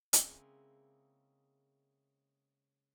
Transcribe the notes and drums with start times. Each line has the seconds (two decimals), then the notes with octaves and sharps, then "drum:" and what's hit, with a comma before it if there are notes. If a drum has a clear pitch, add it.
0.13 C#3 G#3 A#3 C4 E4, drum: hi-hat